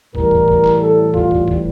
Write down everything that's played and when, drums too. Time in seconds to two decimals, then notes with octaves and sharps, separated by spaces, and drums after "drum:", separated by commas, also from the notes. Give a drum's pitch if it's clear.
0.15 A2 E3 G3 A#4, drum: kick
0.31 drum: kick
0.48 drum: kick
0.65 drum: clap
0.81 A4
1.14 F4, drum: kick
1.31 drum: kick
1.48 drum: kick